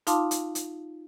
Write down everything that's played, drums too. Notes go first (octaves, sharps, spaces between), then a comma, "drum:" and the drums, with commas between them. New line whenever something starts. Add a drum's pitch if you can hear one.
D#4 F4 F5 A5 C6 D6, drum: hi-hat
drum: hi-hat
drum: hi-hat